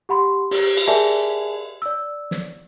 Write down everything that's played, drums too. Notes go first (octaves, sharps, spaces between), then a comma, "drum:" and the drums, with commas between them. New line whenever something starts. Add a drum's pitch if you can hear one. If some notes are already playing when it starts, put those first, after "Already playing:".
G4 F#5 B5 C6
G4, drum: open hi-hat
drum: cymbal
G#4 A#4 D5 E5 G#5 A5
D5 E6
drum: snare